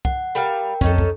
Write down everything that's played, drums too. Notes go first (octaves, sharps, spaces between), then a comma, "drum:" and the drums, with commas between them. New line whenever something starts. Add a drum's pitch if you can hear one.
F#5, drum: kick
G3 A#4 F5 G5
F2 C#4 D#4 A4, drum: kick
drum: kick